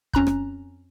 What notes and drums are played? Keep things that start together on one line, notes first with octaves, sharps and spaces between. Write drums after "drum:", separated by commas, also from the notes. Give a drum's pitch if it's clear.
F2 C#4 A#5 F#6, drum: kick
drum: rim click